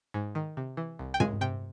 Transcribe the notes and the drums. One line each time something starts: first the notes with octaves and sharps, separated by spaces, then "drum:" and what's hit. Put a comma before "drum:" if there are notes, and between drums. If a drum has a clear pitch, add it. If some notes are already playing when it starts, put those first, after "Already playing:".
G#2
D#3
C3
E3
C2
G5
G#3 G#5, drum: tom
C3 G5